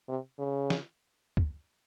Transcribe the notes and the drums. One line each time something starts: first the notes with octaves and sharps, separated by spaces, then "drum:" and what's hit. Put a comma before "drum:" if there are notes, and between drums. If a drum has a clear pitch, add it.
C3
C#3
drum: snare
drum: kick